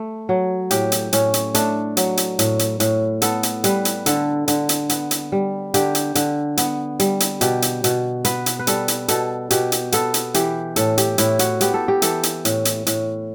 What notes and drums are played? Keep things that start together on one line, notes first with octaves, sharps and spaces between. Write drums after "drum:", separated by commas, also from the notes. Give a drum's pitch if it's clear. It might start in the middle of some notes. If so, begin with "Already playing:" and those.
Already playing: A3
F#3
A2 G4, drum: hi-hat
drum: hi-hat
A2 C#4, drum: hi-hat
drum: hi-hat
A3 D4, drum: hi-hat
F#3, drum: hi-hat
drum: hi-hat
A2, drum: hi-hat
drum: hi-hat
A2, drum: hi-hat
B3 A4, drum: hi-hat
drum: hi-hat
G3 B4, drum: hi-hat
drum: hi-hat
D3 A4, drum: hi-hat
D3, drum: hi-hat
drum: hi-hat
B3, drum: hi-hat
drum: hi-hat
G3
D3 G4, drum: hi-hat
drum: hi-hat
D3, drum: hi-hat
B3, drum: hi-hat
G3, drum: hi-hat
drum: hi-hat
B2 G4, drum: hi-hat
drum: hi-hat
B2, drum: hi-hat
B3 B4, drum: hi-hat
drum: hi-hat
B4
G3 A4, drum: hi-hat
drum: hi-hat
B2 A4, drum: hi-hat
B2 G4, drum: hi-hat
drum: hi-hat
B3 A4, drum: hi-hat
drum: hi-hat
E3 G4, drum: hi-hat
A2 A4, drum: hi-hat
G4, drum: hi-hat
A2 E4, drum: hi-hat
F#4, drum: hi-hat
B3 G4, drum: hi-hat
A4
G4
E3 A4, drum: hi-hat
drum: hi-hat
A2, drum: hi-hat
drum: hi-hat
A2, drum: hi-hat